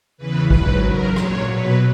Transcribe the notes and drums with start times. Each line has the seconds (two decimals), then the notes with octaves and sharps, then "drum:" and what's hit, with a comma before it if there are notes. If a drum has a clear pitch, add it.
0.17 E2 C#3 E3 B4
0.50 G#2 F#3 B4, drum: kick G#1
0.83 F#2 C#3 F#3 A#4
1.16 A#2 F#3 C#5, drum: rim click
1.50 B2 F#3 B4